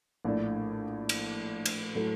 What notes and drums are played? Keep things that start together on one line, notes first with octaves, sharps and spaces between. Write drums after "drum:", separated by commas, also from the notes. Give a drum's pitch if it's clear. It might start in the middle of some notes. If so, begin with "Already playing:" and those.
A#1 A2 A3 D4
drum: cymbal
drum: cymbal
A2 F#3 A3